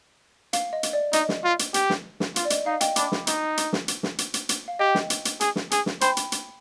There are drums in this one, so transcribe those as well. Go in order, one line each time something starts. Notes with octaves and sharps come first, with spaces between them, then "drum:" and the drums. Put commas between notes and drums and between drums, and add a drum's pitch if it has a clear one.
F5, drum: hi-hat
D#5
drum: hi-hat
D5
D#4 D#5, drum: hi-hat
drum: snare
F4
drum: hi-hat
G4, drum: hi-hat
drum: snare
drum: snare
F4, drum: hi-hat
D5
D#5, drum: hi-hat
D#4 F5
D#5 G5, drum: hi-hat
D4 B5 D6, drum: hi-hat
drum: snare
D#4, drum: hi-hat
drum: hi-hat
drum: snare
drum: hi-hat
drum: snare
drum: hi-hat
drum: hi-hat
drum: hi-hat
F5
G4 D#5 G5
drum: snare
drum: hi-hat
drum: hi-hat
G#4, drum: hi-hat
drum: snare
G#4, drum: hi-hat
drum: snare
C5 G5 B5, drum: hi-hat
drum: hi-hat
drum: hi-hat